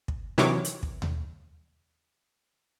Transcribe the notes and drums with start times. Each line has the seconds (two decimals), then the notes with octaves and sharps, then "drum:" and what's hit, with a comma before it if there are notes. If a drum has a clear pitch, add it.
0.08 drum: kick
0.38 C3 D#3 E3 F#3 C#5 D6, drum: snare
0.65 drum: hi-hat
0.83 drum: kick
1.02 drum: tom D#2